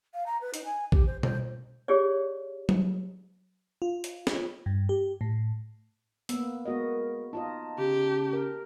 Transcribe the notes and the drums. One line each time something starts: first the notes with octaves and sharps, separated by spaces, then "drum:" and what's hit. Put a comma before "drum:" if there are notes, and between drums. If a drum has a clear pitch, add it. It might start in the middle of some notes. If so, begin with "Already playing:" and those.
F5
A#5
B4
D#4, drum: hi-hat
G#5
G4, drum: kick
C5
C5, drum: tom B2
G4 G#4 C#5 D5
drum: tom F#3
F4
drum: hi-hat
drum: snare
G2
G4
A2
A#3 B3 E6, drum: hi-hat
G#3 B3 F#4 A#4 D#5
D#4 F4 D#5 A5
C#3 G4
A#4